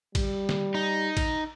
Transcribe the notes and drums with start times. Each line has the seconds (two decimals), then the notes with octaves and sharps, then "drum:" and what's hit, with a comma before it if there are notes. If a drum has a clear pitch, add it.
0.15 G3, drum: kick, cymbal
0.49 drum: snare
0.75 D#4
1.17 drum: kick, cymbal